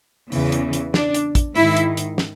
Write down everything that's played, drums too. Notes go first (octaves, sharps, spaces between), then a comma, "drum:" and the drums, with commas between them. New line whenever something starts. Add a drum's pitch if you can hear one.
E2 C#3 E3, drum: open hi-hat
drum: hi-hat
drum: hi-hat
D4, drum: snare
drum: hi-hat
drum: kick, hi-hat
G#2 D#3 E4, drum: open hi-hat
drum: hi-hat
drum: hi-hat
drum: snare